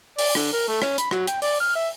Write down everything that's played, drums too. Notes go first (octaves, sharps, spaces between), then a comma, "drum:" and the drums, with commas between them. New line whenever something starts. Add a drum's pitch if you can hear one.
D5, drum: open hi-hat
D3, drum: rim click
A#4
A3
C#4, drum: rim click
B5, drum: hi-hat
F#3, drum: rim click
G5, drum: hi-hat
D5, drum: open hi-hat
F6
E5